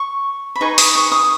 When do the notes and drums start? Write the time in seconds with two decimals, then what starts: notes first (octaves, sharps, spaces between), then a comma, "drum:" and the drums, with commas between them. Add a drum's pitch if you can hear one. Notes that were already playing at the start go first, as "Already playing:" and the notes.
Already playing: C#6
0.56 B5
0.61 D#4 G#4 B4 D#5 C#6
0.78 D#6, drum: open hi-hat
0.95 C#6
1.12 D#6